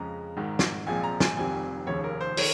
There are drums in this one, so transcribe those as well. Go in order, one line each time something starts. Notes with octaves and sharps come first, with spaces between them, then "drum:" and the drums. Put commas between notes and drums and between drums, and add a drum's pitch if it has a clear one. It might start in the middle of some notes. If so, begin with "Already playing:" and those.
Already playing: F2 C#3 G#3 A#5
G#1 G#2 D#3
drum: snare
A#1 A#2 F3 G#3 C4 G#5
A#5
G#5, drum: snare
F1 F2 D#3 G3 C4 G#5
F1 D#2 C#3 F3 C#5
A#4
C5
D#3 C#5, drum: open hi-hat